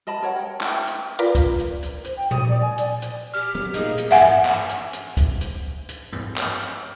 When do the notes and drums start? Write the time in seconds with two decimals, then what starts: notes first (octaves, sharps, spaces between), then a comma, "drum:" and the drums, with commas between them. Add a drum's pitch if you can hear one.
0.07 A#4 D#5 A5 B5
0.22 A#4 C#5 F#5
0.36 G5
0.61 E4 G5, drum: clap
0.87 drum: hi-hat
1.19 F4 A#4 B4 D5
1.35 drum: kick, hi-hat
1.59 drum: hi-hat
1.83 drum: hi-hat
2.04 C5, drum: hi-hat
2.17 G5
2.31 D#6, drum: tom A#2
2.48 D5
2.61 G#5
2.78 D5, drum: hi-hat
3.02 drum: hi-hat
3.34 G4 F6
3.55 F#3 B3
3.74 A#2 A3 A#3 D#4 G#4, drum: hi-hat
3.98 drum: hi-hat
4.11 E5 F#5 G#5
4.21 drum: tom G2
4.45 drum: clap
4.69 drum: hi-hat
4.93 drum: hi-hat
5.17 drum: kick, hi-hat
5.41 drum: hi-hat
5.89 drum: hi-hat
6.13 drum: tom G2
6.36 drum: clap
6.60 drum: hi-hat